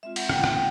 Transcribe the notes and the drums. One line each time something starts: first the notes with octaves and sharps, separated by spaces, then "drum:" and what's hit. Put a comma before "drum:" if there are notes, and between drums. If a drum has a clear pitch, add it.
G#3 C4 F4 E5
F#5, drum: cymbal
G5, drum: rim click
G5, drum: rim click